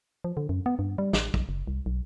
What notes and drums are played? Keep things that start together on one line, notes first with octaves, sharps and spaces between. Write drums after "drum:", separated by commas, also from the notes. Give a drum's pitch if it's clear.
F3
D3
F#2
B3
G2
G3
A1, drum: snare
B1, drum: kick
F#1
C2
B1